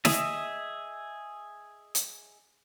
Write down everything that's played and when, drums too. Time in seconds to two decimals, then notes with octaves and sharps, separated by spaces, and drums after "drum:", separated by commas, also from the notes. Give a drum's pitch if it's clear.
0.05 G#4 D#5 E5, drum: snare
1.95 drum: hi-hat